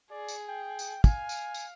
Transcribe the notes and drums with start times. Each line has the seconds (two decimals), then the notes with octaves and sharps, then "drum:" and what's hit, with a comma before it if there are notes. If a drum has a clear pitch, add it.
0.11 G#4 D5
0.28 drum: tambourine
0.49 G5
0.79 drum: tambourine
1.04 F5 G#5, drum: kick, tambourine
1.29 drum: tambourine
1.54 drum: tambourine